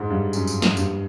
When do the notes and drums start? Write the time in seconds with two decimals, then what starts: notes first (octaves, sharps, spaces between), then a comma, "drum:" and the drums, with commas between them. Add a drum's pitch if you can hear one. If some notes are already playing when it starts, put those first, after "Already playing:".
Already playing: G#2
0.10 G2
0.33 F#2, drum: tambourine
0.47 drum: tambourine
0.62 drum: snare
0.77 G2, drum: tambourine